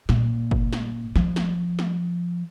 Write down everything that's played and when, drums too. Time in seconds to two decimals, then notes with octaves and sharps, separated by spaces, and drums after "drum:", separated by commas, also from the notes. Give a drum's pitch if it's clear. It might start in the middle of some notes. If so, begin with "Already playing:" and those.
0.09 A#2, drum: snare
0.51 drum: kick
0.73 drum: snare
1.16 F3, drum: snare
1.36 drum: snare
1.79 drum: snare